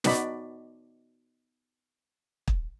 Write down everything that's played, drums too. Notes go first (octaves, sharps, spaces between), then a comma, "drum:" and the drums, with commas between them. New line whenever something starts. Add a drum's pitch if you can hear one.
B3 D#4 F#4 D5 B5, drum: snare
drum: kick